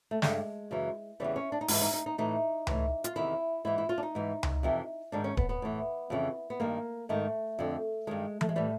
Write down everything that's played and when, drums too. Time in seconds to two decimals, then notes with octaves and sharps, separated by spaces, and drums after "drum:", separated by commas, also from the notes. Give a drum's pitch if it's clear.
0.11 A3
0.22 G2 D3 G#3, drum: snare
0.71 F#2 C#3 E3
1.20 E2 C#3 E3 G3
1.36 C#4
1.52 D4
1.61 D#4
1.68 G#2 E3 E4, drum: open hi-hat
1.82 D#4
1.93 D#4
2.06 D#4
2.18 A2 E3 D#4
2.67 A2 E3, drum: tom C#2
3.04 F4, drum: hi-hat
3.16 E2 C3 D#3 E4
3.65 G#2 E3 E4
3.78 E4
3.89 F4
3.98 D4
4.03 D#4
4.15 G#2 E3
4.43 drum: tom C#2
4.63 F2 C3 E3
5.12 G#2 D#3 D4
5.24 C#4
5.37 B3, drum: kick D1
5.49 B3
5.62 A2 E3
6.10 F2 C#3 E3
6.50 B3
6.60 G2 D#3 A#3
7.09 G#2 D#3 A3
7.59 F2 D3
8.07 G2 D#3 G#3
8.41 A3, drum: tom E3
8.49 G#3
8.56 A2 E3 G3